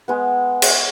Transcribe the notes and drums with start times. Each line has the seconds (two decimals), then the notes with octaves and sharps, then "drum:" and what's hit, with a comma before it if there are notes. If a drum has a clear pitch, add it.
0.08 G#3 B3
0.62 drum: cymbal